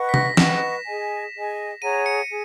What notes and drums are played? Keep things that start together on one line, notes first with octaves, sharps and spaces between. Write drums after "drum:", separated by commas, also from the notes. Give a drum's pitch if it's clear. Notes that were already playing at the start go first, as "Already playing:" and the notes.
Already playing: B4 D#5 F#5 C#6
B6
A#6, drum: tom C3
B4 D#5 F#5 C#6 E7, drum: snare
G#4 D#5 G#5
G#4 D#5 G#5
G#4 C#5 F#5 A#5 D#7
C#7
G#4